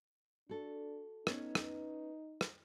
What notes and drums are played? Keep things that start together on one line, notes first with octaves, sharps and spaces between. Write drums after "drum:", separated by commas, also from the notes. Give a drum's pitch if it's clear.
D4 F#4 A4
B3 C#4 D#4 C#5, drum: rim click
drum: rim click
drum: rim click